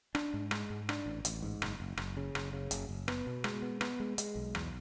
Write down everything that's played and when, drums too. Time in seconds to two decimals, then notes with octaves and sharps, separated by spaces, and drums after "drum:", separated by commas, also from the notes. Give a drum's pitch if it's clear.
0.15 D4, drum: rim click
0.34 G#2
0.51 G#3, drum: rim click
0.70 G#2
0.89 D4, drum: rim click
1.06 A1
1.25 A1, drum: hi-hat
1.42 G#2
1.62 F#1, drum: rim click
1.80 F#1
1.97 F#1, drum: rim click
2.17 C#3
2.35 F#1, drum: rim click
2.53 C#3
2.71 F#1, drum: hi-hat
2.89 F#1
3.08 B3, drum: rim click
3.27 B2
3.44 G#3, drum: rim click
3.62 B3
3.81 B3, drum: rim click
4.00 G#3
4.18 G#3, drum: hi-hat
4.35 B1
4.55 E2, drum: rim click